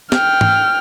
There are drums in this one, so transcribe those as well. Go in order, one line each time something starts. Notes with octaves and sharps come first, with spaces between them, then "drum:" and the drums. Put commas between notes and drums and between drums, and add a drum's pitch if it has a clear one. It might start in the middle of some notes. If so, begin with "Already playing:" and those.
G5 F6, drum: snare
drum: tom G#2